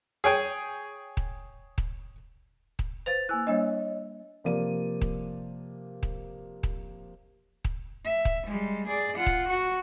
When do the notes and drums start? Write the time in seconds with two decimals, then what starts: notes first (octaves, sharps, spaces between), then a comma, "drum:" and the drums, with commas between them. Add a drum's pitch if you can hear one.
0.24 G#4 C#5 G5 G#5
1.17 drum: kick D#1
1.78 drum: kick D#1
2.79 drum: kick D#1
3.06 B4 C5 F5 A6 F7
3.29 A#3 E4 G#5 E6 F#6
3.47 G3 A#3 D4 C#5 D#5
4.44 C3 F3 A#3 D5 D#7
5.01 drum: kick D#1
6.03 drum: kick D#1
6.63 drum: kick D#1
7.65 drum: kick D#1
8.05 E5
8.25 drum: kick D#1
8.47 G3 G#3
8.87 G#4 D5
9.17 F4 F#5
9.26 drum: kick D#1
9.49 F#4